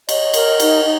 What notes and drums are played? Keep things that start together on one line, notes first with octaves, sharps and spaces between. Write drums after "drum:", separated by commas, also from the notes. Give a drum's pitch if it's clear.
C#5 D#5, drum: cymbal
A#4, drum: cymbal
D#4, drum: cymbal
D#4